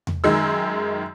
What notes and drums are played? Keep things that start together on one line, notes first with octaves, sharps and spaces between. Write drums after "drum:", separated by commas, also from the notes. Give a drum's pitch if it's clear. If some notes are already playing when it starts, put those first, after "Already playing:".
drum: tom E2
F#2 D#3 G#3 E6